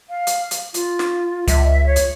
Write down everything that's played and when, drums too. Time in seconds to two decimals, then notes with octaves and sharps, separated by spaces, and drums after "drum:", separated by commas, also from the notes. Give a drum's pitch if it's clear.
0.10 F5
0.27 drum: hi-hat
0.51 drum: hi-hat
0.74 F4, drum: hi-hat
0.99 drum: snare
1.47 C#2 E5, drum: kick, hi-hat
1.87 C#5
1.96 drum: hi-hat